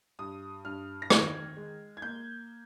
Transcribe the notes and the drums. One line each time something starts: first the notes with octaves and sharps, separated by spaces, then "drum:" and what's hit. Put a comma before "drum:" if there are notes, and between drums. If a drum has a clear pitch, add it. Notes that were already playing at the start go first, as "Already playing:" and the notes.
G2 D#6
G2 F6
A#6
D#3 G#6, drum: rim click
G#3
G#6
A#3 G6